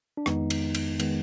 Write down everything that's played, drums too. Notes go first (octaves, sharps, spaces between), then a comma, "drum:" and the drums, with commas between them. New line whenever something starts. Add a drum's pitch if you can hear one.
D4
F2 D#3 G#3 B3 D#4, drum: rim click
drum: cymbal
drum: cymbal
D#3 G#3 B3, drum: cymbal